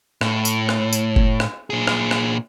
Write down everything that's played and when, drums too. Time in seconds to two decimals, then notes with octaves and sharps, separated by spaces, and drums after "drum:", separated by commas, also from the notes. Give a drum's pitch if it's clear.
0.21 A2, drum: rim click
0.45 drum: tambourine
0.69 drum: rim click
0.93 drum: tambourine
1.16 drum: kick F#1
1.40 drum: rim click
1.70 A#2 G#4
1.87 drum: rim click
2.11 drum: rim click